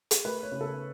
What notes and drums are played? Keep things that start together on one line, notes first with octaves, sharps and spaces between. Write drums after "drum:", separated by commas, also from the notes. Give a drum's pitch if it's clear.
drum: hi-hat
A3 B4
C#5
C#3
A4